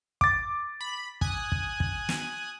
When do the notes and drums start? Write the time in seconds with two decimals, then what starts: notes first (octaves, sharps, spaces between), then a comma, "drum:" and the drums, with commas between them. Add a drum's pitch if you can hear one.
0.21 D6 A6, drum: kick
0.81 B5
1.21 G#5 D#6 F#6, drum: kick
1.52 drum: kick
1.80 drum: kick
2.09 drum: snare